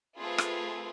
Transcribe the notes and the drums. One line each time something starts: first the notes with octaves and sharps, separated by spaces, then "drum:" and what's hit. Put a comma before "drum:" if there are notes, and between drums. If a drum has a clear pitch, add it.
A3 C4 F4 G#4 B4
drum: rim click